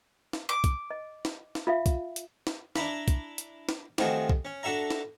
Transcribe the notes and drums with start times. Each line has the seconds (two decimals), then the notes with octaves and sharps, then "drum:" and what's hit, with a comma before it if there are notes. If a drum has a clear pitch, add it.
0.33 drum: snare
0.49 D6
0.64 drum: kick, hi-hat
0.91 D#5
1.25 drum: snare
1.55 drum: snare
1.67 F4 E5 F5
1.86 drum: kick, hi-hat
2.16 drum: hi-hat
2.47 drum: snare
2.76 D4 E4 A#5 B5, drum: snare
3.08 drum: kick, hi-hat
3.38 drum: hi-hat
3.69 drum: snare
3.98 C3 D#3 F3 A3 F#4 G#4, drum: snare
4.30 drum: kick
4.45 C#4
4.63 D4 F#4 A4 E5 A#5
4.90 drum: snare